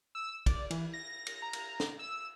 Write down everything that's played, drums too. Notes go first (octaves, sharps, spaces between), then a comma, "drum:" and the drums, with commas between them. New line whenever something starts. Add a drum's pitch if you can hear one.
E6
D5, drum: kick, cymbal
E3, drum: cymbal
A#6
drum: cymbal
A#5
drum: cymbal
drum: snare
E6